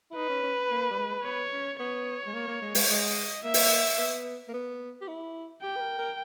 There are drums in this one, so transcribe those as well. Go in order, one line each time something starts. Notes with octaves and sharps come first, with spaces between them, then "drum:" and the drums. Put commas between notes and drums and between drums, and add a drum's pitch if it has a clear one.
E4
D#4 B4
C#4
C#4
A#3
G3
G#3
B3 C#5
C#4
B3 C#5
G#3
A#3
A#3
G#3
G#3, drum: open hi-hat
G#3 D#5
A#3 E5
drum: open hi-hat
B3
A#3
B3
G4
E4
G4 G5
B4
A#4
A#4